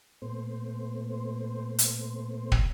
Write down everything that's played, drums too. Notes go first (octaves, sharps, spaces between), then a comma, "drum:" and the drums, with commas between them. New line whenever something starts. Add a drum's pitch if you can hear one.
A#2 A3 B3 C5
drum: hi-hat
drum: kick